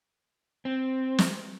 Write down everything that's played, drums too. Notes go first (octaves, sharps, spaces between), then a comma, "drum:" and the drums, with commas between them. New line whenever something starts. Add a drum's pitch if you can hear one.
C4
drum: snare